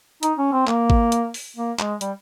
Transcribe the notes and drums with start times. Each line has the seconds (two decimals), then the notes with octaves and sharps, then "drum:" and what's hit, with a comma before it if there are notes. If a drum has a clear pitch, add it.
0.23 D#4, drum: hi-hat
0.38 C#4
0.52 C4
0.67 A#3, drum: clap
0.90 drum: kick
1.12 drum: hi-hat
1.34 drum: open hi-hat
1.57 A#3
1.79 G#3, drum: clap
2.01 G3, drum: hi-hat